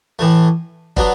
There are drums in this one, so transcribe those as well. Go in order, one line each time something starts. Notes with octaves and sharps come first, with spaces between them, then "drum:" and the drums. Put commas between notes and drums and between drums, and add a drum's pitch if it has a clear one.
A2 E3 A3
F#3 B3 D4, drum: kick